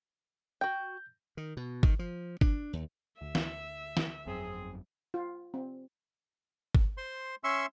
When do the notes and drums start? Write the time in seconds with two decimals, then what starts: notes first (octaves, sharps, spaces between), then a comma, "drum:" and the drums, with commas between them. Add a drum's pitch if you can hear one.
0.61 F#4 G5 G6
1.37 D#3
1.57 B2
1.83 D#3, drum: kick G#1
1.99 F3
2.41 D4, drum: kick G#1
2.73 D#2
3.21 D2 E5
3.35 drum: snare
3.97 drum: snare
4.26 G1 F2 F#3 C4 G#4
5.14 F4
5.54 C4
6.75 drum: kick G#1
6.97 C5 C6
7.44 C#4 E5 C6 C#6 E6